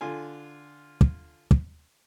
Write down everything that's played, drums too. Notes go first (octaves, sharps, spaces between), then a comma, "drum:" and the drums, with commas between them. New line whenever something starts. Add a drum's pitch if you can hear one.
D3 F4 G#5
drum: kick
drum: kick